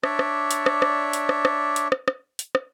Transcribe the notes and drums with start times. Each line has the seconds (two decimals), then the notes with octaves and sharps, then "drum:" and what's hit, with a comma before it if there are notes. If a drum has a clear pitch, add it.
0.03 D4 C#5 D5 E5, drum: rim click
0.19 drum: rim click
0.51 drum: hi-hat
0.66 drum: rim click
0.82 drum: rim click
1.13 drum: hi-hat
1.29 drum: rim click
1.45 drum: rim click
1.76 drum: hi-hat
1.92 drum: rim click
2.08 drum: rim click
2.39 drum: hi-hat
2.55 drum: rim click